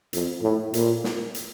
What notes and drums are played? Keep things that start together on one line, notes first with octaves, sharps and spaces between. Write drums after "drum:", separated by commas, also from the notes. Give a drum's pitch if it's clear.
F2, drum: hi-hat
A2
A#2, drum: hi-hat
drum: snare
drum: hi-hat